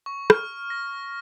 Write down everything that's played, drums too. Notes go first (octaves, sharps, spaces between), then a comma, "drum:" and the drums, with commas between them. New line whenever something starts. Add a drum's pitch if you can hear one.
C#6
F6, drum: rim click
A#6